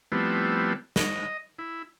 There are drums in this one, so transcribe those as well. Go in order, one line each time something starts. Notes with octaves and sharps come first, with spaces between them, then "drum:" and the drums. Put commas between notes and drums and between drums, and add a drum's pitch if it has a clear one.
F3 G3 A3 B3 C4 E4
D#5, drum: snare
E4